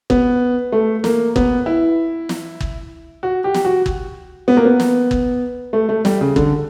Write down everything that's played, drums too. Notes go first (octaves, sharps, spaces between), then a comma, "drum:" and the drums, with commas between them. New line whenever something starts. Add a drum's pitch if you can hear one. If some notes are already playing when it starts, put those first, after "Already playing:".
B3, drum: kick
A3
A#3, drum: snare
B3, drum: kick
E4
drum: snare
drum: kick
F#4
G4
drum: snare
F#4
drum: kick
B3
A#3
B3
drum: snare
drum: kick
A3
A3
G3, drum: snare
C#3
D3, drum: kick